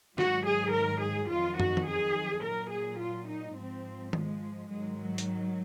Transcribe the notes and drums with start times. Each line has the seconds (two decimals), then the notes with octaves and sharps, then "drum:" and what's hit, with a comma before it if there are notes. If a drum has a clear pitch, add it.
0.18 G#2 D#3 F#3 F#4, drum: snare
0.47 G#4
0.75 A#4
1.03 G#4
1.31 F2 D#3 F#3 F4
1.60 F#4, drum: tom
1.77 drum: tom D#3
1.88 G#4
2.44 A#2 F#3 A#4
2.72 G#4
3.01 F4
3.29 D#4
3.57 G#2 F3 C4
4.13 G#3, drum: tom D#3
4.70 G#2 D#3 F#3 G#3
4.98 F#3
5.18 drum: hi-hat